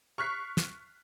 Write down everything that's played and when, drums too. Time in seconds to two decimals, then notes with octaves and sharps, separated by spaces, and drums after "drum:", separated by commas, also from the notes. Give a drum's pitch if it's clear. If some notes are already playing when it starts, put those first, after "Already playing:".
0.18 C#6 F6 F#6 B6 C7
0.57 drum: snare